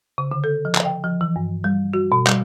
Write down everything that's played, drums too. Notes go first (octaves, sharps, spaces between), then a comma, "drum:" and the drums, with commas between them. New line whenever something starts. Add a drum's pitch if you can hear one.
C#3
D3
A4
F3
drum: clap
G5
F3
E3
G2
G3
F#4
B2
G3, drum: clap